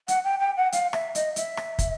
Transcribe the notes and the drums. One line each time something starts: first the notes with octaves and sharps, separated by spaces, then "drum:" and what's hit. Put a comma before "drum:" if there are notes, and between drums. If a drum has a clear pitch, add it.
F#5, drum: hi-hat
G5
G5
F#5
F5, drum: hi-hat
E5, drum: rim click
D#5, drum: hi-hat
E5, drum: hi-hat
drum: rim click
drum: kick, hi-hat